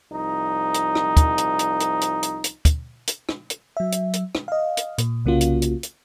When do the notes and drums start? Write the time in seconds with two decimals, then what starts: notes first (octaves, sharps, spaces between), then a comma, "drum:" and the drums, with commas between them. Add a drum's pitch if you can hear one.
0.12 C2 F3 D#4
0.74 drum: hi-hat
0.95 drum: rim click
1.17 drum: kick, hi-hat
1.38 drum: hi-hat
1.59 drum: hi-hat
1.80 drum: hi-hat
2.01 drum: hi-hat
2.23 drum: hi-hat
2.44 drum: hi-hat
2.65 drum: kick, hi-hat
3.07 drum: hi-hat
3.29 drum: rim click
3.50 drum: hi-hat
3.77 F#3 E5
3.92 drum: hi-hat
4.13 drum: hi-hat
4.35 drum: rim click
4.48 D#5 F5
4.77 drum: hi-hat
4.98 A#2, drum: hi-hat
5.25 C2 C#3 A#3 C#4 F4 F#4
5.41 drum: hi-hat
5.62 drum: hi-hat
5.83 drum: hi-hat